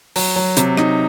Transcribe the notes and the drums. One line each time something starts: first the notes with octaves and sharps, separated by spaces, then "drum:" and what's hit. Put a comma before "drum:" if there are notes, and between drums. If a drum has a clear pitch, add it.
F#3, drum: open hi-hat
F#3
C3, drum: hi-hat
D#4, drum: rim click